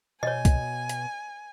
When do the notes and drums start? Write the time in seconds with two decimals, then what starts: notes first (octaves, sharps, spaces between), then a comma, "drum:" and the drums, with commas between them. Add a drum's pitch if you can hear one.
0.23 B2 C#5 D#5 G#5
0.45 drum: kick C2, hi-hat
0.89 drum: hi-hat